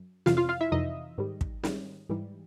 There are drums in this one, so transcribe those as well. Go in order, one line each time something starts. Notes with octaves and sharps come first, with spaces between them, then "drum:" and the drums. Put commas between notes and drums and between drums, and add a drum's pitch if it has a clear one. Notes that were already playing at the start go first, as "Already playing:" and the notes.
Already playing: F#2
F2 C3 E3 F4 F5, drum: snare
F4 F5
F4 F5
E4 E5
F2 C3 E3 D#4 D#5
G#2 D#3 G3
drum: kick
G#2 D#3 G3, drum: snare
G#2 E3 G3